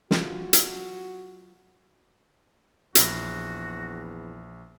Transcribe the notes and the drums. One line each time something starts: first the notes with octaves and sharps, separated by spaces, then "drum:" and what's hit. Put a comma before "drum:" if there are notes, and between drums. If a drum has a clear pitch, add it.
F#3 F4 F#4, drum: snare
drum: hi-hat
A#1 E2 F#4 B5, drum: hi-hat